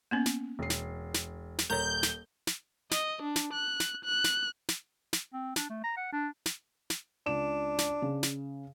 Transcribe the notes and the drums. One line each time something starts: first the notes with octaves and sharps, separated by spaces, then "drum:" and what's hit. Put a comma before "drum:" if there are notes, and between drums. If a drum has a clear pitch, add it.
A#3 B3 C#4
drum: snare
E1 C7
drum: snare
drum: snare
drum: snare
D#1 A#4 C#5 A#5 G6
drum: snare
drum: snare
D#5, drum: snare
D4
drum: snare
F#6
drum: snare
F#6
drum: snare
drum: snare
drum: snare
C4
D4, drum: snare
A3
A#5
F#5
D4
drum: snare
drum: snare
C#2 D4 E7
drum: snare
C#3
drum: snare